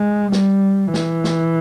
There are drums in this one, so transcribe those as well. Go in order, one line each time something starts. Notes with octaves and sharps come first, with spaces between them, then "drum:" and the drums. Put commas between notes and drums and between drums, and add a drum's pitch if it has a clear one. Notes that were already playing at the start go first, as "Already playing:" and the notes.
Already playing: G#3
G3, drum: snare
E3, drum: snare
drum: snare